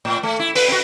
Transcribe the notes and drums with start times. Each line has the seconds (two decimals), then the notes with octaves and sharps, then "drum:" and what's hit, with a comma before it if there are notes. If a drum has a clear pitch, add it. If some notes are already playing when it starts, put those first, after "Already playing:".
0.05 A2
0.23 A3
0.39 E4
0.55 B4, drum: open hi-hat
0.68 C4 F#4